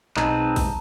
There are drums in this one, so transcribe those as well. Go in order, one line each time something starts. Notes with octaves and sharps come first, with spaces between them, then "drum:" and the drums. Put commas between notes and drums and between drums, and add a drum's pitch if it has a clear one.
B1 G#3 C4 D#4 B4 A5 A#5, drum: clap
drum: kick A#1, open hi-hat